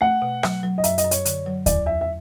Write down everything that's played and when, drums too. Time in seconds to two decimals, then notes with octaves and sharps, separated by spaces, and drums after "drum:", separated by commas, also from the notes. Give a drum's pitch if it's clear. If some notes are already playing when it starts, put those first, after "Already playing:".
0.01 A3 F#5
0.22 B2
0.43 F#3, drum: rim click
0.63 F#3
0.78 D#5
0.84 F#2 E5, drum: hi-hat
0.98 D#5, drum: hi-hat
1.04 F#2
1.11 C#5, drum: hi-hat
1.25 D3, drum: hi-hat
1.46 F#3
1.66 E2 D5, drum: kick D2, hi-hat
1.86 E2 E5
2.01 E5